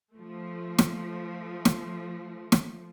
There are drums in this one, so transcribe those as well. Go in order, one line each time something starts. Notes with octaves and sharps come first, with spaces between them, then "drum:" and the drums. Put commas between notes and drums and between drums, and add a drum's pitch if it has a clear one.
F3 A3
drum: snare
drum: snare
drum: snare